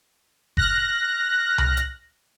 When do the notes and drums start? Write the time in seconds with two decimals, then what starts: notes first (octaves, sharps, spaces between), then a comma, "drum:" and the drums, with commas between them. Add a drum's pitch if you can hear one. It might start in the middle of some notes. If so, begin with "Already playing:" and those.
0.57 F6 F#6 A#6, drum: kick F#1
1.58 drum: tom C2
1.77 drum: hi-hat